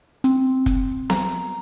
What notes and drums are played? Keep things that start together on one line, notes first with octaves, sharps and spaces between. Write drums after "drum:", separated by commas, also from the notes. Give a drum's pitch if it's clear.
C4, drum: hi-hat
drum: kick, hi-hat
A#5, drum: snare B3